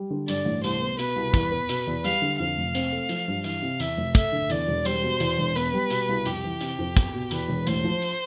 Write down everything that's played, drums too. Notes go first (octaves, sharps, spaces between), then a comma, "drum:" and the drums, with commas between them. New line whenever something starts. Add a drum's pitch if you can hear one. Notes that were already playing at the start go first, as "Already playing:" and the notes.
Already playing: G3
D3
G2 D5, drum: hi-hat
A1
C2 C5, drum: hi-hat
B3
B2 B4, drum: hi-hat
C2
E2, drum: kick, hi-hat
B3
B2, drum: hi-hat
E2
G3 F5, drum: hi-hat
D3
F2 F5
F1
C4, drum: hi-hat
A3
F3, drum: hi-hat
G2
E3 F5, drum: hi-hat
C3
E2 E5, drum: hi-hat
F1
A3 E5, drum: kick, hi-hat
D3
E2 D5, drum: hi-hat
E1
G3 C5, drum: hi-hat
B2
E2, drum: hi-hat
E1
B3 B4, drum: hi-hat
G3
B2, drum: hi-hat
C2
F2 G4, drum: hi-hat
E3
C3, drum: hi-hat
F2
B3, drum: kick, hi-hat
B2
E2 B4, drum: hi-hat
E1
A1 C5, drum: hi-hat
F3
drum: hi-hat